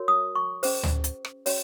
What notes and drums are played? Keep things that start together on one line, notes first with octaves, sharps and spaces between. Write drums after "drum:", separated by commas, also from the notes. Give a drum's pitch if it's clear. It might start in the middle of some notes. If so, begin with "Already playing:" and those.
Already playing: F#4 A#4 C#5
D#6
C#6
C#4 G#4 C5, drum: open hi-hat
drum: tom D2
drum: hi-hat
drum: rim click
C#4 F#4 C#5, drum: open hi-hat